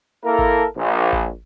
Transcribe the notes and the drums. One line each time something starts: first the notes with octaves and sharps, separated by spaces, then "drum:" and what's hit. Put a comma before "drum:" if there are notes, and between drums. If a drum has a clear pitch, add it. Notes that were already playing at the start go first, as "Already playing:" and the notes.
A#3 E4 A4 A#4
drum: kick G#1
A#1
drum: kick G#1